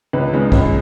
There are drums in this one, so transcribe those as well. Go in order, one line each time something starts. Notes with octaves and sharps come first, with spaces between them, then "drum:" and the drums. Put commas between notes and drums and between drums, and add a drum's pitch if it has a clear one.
C#2 B4
C#3 G#3 D#4
C#2, drum: kick